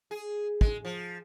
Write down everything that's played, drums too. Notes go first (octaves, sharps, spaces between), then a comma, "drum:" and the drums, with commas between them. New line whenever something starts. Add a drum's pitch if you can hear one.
G#4
G#3, drum: kick
F3